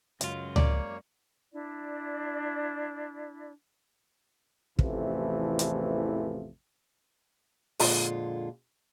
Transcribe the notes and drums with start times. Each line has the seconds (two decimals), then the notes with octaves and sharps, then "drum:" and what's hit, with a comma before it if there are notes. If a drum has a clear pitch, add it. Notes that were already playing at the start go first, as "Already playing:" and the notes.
0.21 C#2 F#2 G#3 F4, drum: hi-hat
0.56 A#3 C#5 D5, drum: tom C#2
1.52 D4 E4 D5
4.79 A1 E2 C3 E3 F3 A3, drum: kick
5.59 drum: hi-hat
7.79 F2 A#2 D3 G#3 F4, drum: open hi-hat